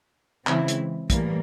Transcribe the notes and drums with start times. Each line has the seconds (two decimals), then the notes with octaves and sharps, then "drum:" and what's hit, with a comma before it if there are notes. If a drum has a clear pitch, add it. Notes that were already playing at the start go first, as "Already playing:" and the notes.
0.47 C#3 E3 G#3 C4 E4, drum: clap
0.68 drum: hi-hat
1.10 A2 E3 G3 A#3, drum: kick, hi-hat